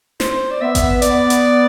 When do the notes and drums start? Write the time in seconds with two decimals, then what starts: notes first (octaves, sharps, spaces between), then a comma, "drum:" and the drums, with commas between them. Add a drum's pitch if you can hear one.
0.20 C5, drum: snare
0.51 D5
0.61 B3 E5
0.75 drum: kick G#1, hi-hat
1.02 B3 D5, drum: hi-hat
1.30 drum: hi-hat